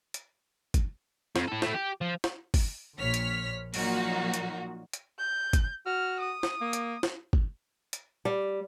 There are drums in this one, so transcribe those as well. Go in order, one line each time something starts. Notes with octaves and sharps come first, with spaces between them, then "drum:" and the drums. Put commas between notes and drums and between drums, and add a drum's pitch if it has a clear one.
drum: hi-hat
drum: kick, hi-hat
F2, drum: snare
E4 A4
A3 E4, drum: snare
G4
F3
drum: snare
drum: kick, open hi-hat
A#1 C#5 F6 B6
drum: hi-hat
A#2 F3 F#3 A#3 D#4 F#4, drum: open hi-hat
drum: hi-hat
drum: hi-hat
G6
drum: kick, hi-hat
F#4 F6
D#6
drum: snare
A#3
drum: hi-hat
drum: snare
drum: kick
drum: hi-hat
G3